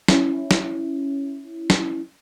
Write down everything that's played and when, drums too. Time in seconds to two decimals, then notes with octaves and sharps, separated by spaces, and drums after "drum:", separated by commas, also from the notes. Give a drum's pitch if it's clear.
0.08 C#4 E4, drum: snare
0.51 drum: snare
1.70 drum: snare